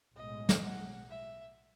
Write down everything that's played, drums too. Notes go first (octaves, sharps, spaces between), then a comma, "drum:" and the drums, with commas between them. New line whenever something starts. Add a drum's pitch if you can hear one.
B1 A2 G#3 D#5
drum: snare
F#5
E5